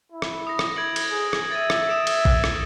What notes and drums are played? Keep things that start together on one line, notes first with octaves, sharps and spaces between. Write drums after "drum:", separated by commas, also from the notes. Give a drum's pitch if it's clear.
E4
drum: rim click
D#6 A#6
drum: rim click
E4 G#6 D7 F#7
drum: cymbal
G#4
drum: rim click
E5 A6 D#7
drum: rim click
D#6 D7 E7
drum: cymbal
drum: kick
drum: rim click